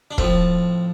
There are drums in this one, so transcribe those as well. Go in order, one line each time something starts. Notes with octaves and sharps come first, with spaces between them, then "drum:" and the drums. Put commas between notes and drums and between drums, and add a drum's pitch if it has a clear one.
D4
A2 F3 C4, drum: kick